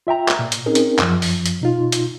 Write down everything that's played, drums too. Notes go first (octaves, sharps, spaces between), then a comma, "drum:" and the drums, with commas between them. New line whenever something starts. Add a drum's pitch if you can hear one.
F4 E5 G5 A#5
drum: clap
A#2
drum: hi-hat
C4 C#4 D#4 G#4 A#4
drum: hi-hat
F#2 F3, drum: clap
drum: open hi-hat
drum: hi-hat
B2 D#4 F4
drum: hi-hat